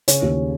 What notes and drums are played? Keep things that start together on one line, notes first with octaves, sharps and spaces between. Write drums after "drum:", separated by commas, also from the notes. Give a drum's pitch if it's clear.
C#3 C#4, drum: hi-hat
D#2